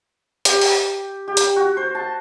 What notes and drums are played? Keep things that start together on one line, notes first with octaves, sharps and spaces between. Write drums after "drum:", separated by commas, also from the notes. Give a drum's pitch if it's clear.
G4, drum: hi-hat
drum: open hi-hat
G4
drum: hi-hat
F#4
C5
A5